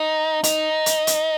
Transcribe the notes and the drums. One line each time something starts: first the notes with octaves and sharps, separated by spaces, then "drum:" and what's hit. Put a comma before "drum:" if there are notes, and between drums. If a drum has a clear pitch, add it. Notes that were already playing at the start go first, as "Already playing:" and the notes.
Already playing: D#4
D#4, drum: hi-hat
drum: hi-hat
drum: hi-hat